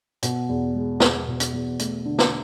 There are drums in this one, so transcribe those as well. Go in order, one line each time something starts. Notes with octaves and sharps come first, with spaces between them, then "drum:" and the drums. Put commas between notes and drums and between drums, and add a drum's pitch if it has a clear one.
B2, drum: hi-hat
E2
G#3
E2, drum: snare
B2
drum: hi-hat
E2
A3, drum: hi-hat
D3
drum: snare